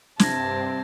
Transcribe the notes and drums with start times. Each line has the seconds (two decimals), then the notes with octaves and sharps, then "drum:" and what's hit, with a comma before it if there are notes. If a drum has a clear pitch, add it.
0.20 G2 C3 C4 A5 G#6 A#6, drum: snare